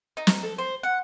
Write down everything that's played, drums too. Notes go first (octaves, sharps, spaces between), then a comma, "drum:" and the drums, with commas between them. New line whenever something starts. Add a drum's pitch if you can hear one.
D#4
drum: snare
A4
C5
F#5